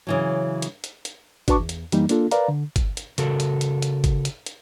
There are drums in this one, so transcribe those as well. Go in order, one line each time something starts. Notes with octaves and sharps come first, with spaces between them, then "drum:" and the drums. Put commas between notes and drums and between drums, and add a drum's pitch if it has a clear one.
C#3 E3 F#3
drum: hi-hat
drum: hi-hat
drum: hi-hat
D4 F#4 B4 A5 C#6 D6, drum: kick G1, hi-hat
E2
drum: hi-hat
F#2 E3 G3 A#3 D#4, drum: hi-hat
A#3 D4 F4 A4, drum: hi-hat
A#4 B4 D5 F5 A#5, drum: hi-hat
D3
drum: kick G1, hi-hat
drum: hi-hat
C#3 F#4 A4 A#4, drum: hi-hat
drum: hi-hat
drum: hi-hat
drum: hi-hat
drum: kick G1, hi-hat
drum: hi-hat
drum: hi-hat